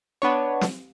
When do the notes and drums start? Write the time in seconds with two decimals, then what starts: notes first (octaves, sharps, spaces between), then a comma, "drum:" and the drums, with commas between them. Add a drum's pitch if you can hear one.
0.22 B3 D4 C#5
0.61 drum: snare